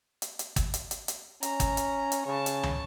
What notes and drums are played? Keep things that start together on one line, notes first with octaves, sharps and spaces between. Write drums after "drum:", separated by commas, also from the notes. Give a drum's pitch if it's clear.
drum: hi-hat
drum: hi-hat
drum: kick, hi-hat
drum: hi-hat
drum: hi-hat
drum: hi-hat
C#4 A#5, drum: hi-hat
drum: kick, hi-hat
drum: hi-hat
drum: hi-hat
C#3 C#5 A5
drum: hi-hat
drum: tom